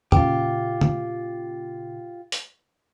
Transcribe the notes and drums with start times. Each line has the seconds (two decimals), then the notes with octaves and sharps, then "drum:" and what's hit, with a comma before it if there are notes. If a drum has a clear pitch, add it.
0.12 A#2 C#3 F4 G4, drum: tom
0.81 drum: tom
2.32 drum: hi-hat